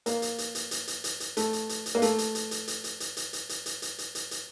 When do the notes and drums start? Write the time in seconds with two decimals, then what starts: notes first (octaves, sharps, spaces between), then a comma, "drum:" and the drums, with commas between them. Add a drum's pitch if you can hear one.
0.06 A#3, drum: hi-hat
0.22 drum: hi-hat
0.38 drum: hi-hat
0.55 drum: hi-hat
0.71 drum: hi-hat
0.87 drum: hi-hat
1.04 drum: hi-hat
1.20 drum: hi-hat
1.37 A3, drum: hi-hat
1.53 drum: hi-hat
1.69 drum: hi-hat
1.86 drum: hi-hat
1.95 A#3
2.02 A3, drum: hi-hat
2.18 drum: hi-hat
2.35 drum: hi-hat
2.51 drum: hi-hat
2.68 drum: hi-hat
2.84 drum: hi-hat
3.00 drum: hi-hat
3.17 drum: hi-hat
3.33 drum: hi-hat
3.49 drum: hi-hat
3.66 drum: hi-hat
3.82 drum: hi-hat
3.98 drum: hi-hat
4.15 drum: hi-hat
4.31 drum: hi-hat